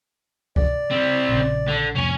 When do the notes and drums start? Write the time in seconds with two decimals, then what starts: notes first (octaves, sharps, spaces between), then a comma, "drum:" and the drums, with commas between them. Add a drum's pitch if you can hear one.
0.56 D5, drum: kick C2
0.91 G3 C4
1.29 A#1 C#3
1.68 D3
1.95 C2 F2 A2 C#4 G#5